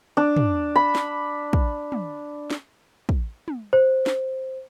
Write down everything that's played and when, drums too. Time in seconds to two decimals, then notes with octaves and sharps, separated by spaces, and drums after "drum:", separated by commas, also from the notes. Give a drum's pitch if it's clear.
0.17 D4
0.36 drum: tom
0.76 B5
0.95 drum: snare
1.53 drum: kick
1.92 drum: tom
2.50 drum: snare
3.09 drum: kick
3.48 drum: tom
3.73 C5
4.06 drum: snare